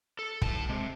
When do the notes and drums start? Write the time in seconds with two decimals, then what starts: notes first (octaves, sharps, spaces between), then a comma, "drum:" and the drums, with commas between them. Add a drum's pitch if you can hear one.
0.19 A4
0.42 B1 A2 A5, drum: kick
0.69 C3 G#3